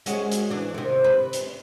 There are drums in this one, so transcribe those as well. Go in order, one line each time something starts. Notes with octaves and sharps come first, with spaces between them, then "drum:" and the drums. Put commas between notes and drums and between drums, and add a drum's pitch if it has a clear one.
G#3 C#4 F#4, drum: hi-hat
drum: hi-hat
E3 D4
C3 D#3
B4
drum: hi-hat